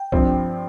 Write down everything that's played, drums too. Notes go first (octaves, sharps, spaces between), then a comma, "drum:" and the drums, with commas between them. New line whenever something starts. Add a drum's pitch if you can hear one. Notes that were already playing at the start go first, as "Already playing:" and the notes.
Already playing: G5
G2 F3 C4, drum: kick